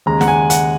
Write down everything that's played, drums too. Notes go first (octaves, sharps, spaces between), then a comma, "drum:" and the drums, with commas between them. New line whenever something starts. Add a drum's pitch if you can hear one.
D#2 C#3 G#3 A#5
F#5, drum: snare
G#5
F#5, drum: hi-hat